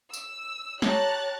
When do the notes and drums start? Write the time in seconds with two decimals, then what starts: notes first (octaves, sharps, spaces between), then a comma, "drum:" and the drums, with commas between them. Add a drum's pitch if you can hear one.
0.13 E6, drum: tambourine
0.82 G4 C#5 A5 A#5 F#6 A6, drum: snare